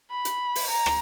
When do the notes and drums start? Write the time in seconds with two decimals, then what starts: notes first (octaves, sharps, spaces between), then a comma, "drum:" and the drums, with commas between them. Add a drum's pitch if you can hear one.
0.10 B5
0.25 drum: hi-hat
0.55 drum: open hi-hat
0.70 A#5
0.86 drum: rim click